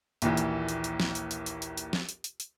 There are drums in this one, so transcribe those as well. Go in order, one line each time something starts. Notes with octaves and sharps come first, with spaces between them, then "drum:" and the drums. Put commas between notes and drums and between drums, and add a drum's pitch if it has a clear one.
A#1 D#2 E3, drum: hi-hat
drum: hi-hat
drum: hi-hat
drum: hi-hat
drum: snare
drum: hi-hat
drum: hi-hat
drum: hi-hat
drum: hi-hat
drum: hi-hat
drum: snare
drum: hi-hat
drum: hi-hat
drum: hi-hat